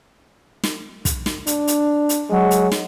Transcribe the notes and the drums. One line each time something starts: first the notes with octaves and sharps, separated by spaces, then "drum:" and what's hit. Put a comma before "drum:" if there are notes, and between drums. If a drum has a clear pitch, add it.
drum: snare
drum: kick, hi-hat
drum: snare
D4, drum: hi-hat
drum: hi-hat
drum: hi-hat
F#3 G#3
drum: hi-hat
drum: snare